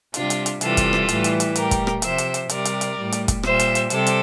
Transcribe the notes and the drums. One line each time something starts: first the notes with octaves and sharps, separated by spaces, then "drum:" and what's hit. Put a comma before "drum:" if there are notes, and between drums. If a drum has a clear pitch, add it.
C3 G3 D4 F4, drum: hi-hat
drum: hi-hat
drum: hi-hat
C3 E3 G3 F4 A4, drum: hi-hat
drum: kick, hi-hat
drum: rim click
A2 E3 G3, drum: hi-hat
drum: hi-hat
drum: hi-hat
A2 G3 G4 A#4, drum: hi-hat
drum: kick, hi-hat
drum: rim click
C3 F3 C5 E5, drum: hi-hat
drum: hi-hat
drum: hi-hat
C3 G3 A#4 D5, drum: hi-hat
drum: hi-hat
drum: hi-hat
A2 G3
drum: hi-hat
drum: kick, hi-hat
A#2 G3 C5 E5, drum: rim click
drum: hi-hat
drum: hi-hat
C3 G3 A4 C5, drum: hi-hat
drum: hi-hat